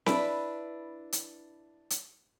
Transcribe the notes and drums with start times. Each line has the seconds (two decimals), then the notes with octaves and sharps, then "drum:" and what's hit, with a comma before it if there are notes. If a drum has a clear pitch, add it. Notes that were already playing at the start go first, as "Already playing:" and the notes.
0.06 D4 E4 B4, drum: snare C4
1.12 drum: hi-hat
1.90 drum: hi-hat